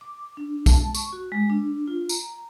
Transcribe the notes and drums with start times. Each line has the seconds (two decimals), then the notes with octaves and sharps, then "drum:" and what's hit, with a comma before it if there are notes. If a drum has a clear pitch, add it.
0.01 D6
0.37 D4
0.66 A5, drum: kick B1, tambourine
0.94 C#6, drum: tambourine
1.13 F#4
1.32 G#3
1.50 D4
1.87 F4
2.09 A#5, drum: tambourine